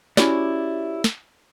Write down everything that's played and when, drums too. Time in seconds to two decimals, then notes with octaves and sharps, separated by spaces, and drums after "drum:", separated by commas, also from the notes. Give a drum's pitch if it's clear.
0.17 C#4 E4 F#4 G4 C#5 D5, drum: snare
1.04 drum: snare